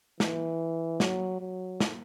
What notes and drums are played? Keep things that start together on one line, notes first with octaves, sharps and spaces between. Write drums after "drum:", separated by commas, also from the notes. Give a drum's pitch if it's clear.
E3, drum: snare
F#3, drum: snare
F#3
drum: snare